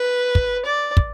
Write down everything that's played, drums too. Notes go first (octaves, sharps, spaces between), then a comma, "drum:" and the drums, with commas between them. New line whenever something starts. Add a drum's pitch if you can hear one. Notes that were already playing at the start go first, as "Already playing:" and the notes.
Already playing: B4
drum: kick
D5
drum: kick